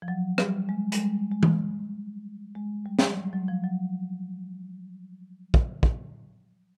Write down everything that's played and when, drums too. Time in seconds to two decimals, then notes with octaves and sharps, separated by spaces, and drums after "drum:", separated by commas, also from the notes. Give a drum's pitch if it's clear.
0.02 F3
0.08 F#3
0.38 G3, drum: rim click
0.69 G#3
0.92 G#3, drum: hi-hat
1.01 G3
1.31 G#3
1.43 drum: tom E3
2.55 G#3
2.86 G3
2.99 F3, drum: snare
3.08 F#3
3.18 G3
3.33 F#3
3.48 F3
3.64 F#3
5.54 drum: kick
5.83 drum: kick